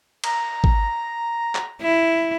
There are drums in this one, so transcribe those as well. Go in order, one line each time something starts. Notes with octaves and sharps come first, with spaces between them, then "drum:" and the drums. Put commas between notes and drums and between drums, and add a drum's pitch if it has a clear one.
A#5, drum: cymbal
drum: kick
drum: clap
E4